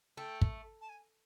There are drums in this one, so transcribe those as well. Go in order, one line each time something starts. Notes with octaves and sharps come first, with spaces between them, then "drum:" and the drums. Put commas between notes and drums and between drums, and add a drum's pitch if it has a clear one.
A3 G5
drum: kick
A5
G#5